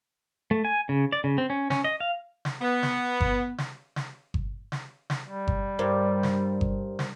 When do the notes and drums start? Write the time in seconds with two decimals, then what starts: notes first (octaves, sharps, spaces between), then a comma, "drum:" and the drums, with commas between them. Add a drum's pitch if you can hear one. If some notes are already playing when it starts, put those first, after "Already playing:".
0.51 A3
0.65 G#5
0.89 C#3
1.13 D5
1.24 C#3
1.38 C4
1.50 C#4
1.70 C#4, drum: snare
1.84 D#5
2.00 F5
2.45 drum: snare
2.60 B3
2.83 drum: snare
3.21 drum: kick G1
3.58 drum: snare
3.96 drum: snare
4.34 drum: kick G1
4.72 drum: snare
5.10 drum: snare
5.24 G3
5.48 drum: kick G1
5.79 G2 A#4 C5
6.23 drum: snare
6.61 drum: kick G1
6.99 drum: snare